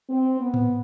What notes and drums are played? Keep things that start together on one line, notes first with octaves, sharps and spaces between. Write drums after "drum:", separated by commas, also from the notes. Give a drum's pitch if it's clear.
C4
B3
drum: tom A2